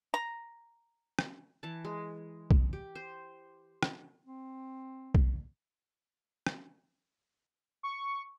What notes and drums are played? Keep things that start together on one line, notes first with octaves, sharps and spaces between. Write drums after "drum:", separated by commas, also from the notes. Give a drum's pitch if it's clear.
A#5
drum: rim click
E3 A5
G#3
drum: kick B1
G4
C5
drum: rim click
C4
drum: kick B1
drum: rim click
C#6